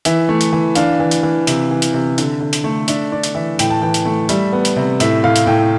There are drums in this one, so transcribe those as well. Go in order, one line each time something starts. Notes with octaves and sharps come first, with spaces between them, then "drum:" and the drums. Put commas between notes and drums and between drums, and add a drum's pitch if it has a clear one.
E3 E5, drum: hi-hat
A3
drum: hi-hat
E3
D4 F5, drum: hi-hat
E3
drum: hi-hat
E3
C3, drum: hi-hat
E3
drum: hi-hat
C3
D3, drum: hi-hat
D3
drum: hi-hat
A3
D4 E5, drum: hi-hat
D4 D5
drum: hi-hat
E3 E5
A2 G5, drum: hi-hat
A5
E3 G5
drum: hi-hat
A3
G3 E5, drum: hi-hat
B3
drum: hi-hat
C3
A2 E5, drum: hi-hat
A2 F5
drum: hi-hat
A2 G5